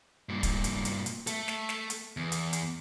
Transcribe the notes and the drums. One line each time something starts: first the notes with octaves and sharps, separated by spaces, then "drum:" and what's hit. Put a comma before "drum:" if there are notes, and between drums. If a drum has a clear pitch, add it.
G2 A#2
drum: kick, hi-hat
drum: hi-hat
drum: hi-hat
drum: hi-hat
A3 A4, drum: hi-hat
drum: snare
drum: snare
drum: hi-hat
E2
drum: hi-hat
drum: hi-hat